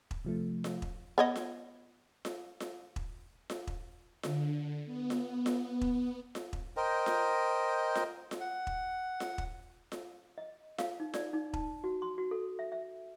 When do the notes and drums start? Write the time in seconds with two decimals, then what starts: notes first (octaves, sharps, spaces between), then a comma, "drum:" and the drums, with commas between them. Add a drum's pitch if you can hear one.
0.11 drum: kick E1
0.24 C3 F3 A3
0.64 drum: snare F4
0.82 drum: kick E1
1.18 B3 C#5 D#5
1.36 drum: snare F4
2.25 drum: snare F4
2.60 drum: snare F4
2.96 drum: kick E1
3.50 drum: snare F4
3.67 drum: kick E1
4.23 D3, drum: snare F4
4.85 B3
5.10 drum: snare F4
5.46 drum: snare F4
5.81 drum: kick E1
6.35 drum: snare F4
6.53 drum: kick E1
6.77 A#4 C5 D#5 G5
7.06 drum: snare F4
7.95 drum: snare F4
8.31 drum: snare F4
8.40 F#5
8.67 drum: kick E1
9.20 drum: snare F4
9.38 drum: kick E1
9.92 drum: snare F4
10.38 D#5
10.78 F5, drum: snare F4
11.00 D#4
11.14 D5, drum: snare F4
11.33 D#4
11.53 A5, drum: kick E1
11.84 F#4
12.02 C6
12.18 F#4
12.31 A4
12.59 E5
12.72 E5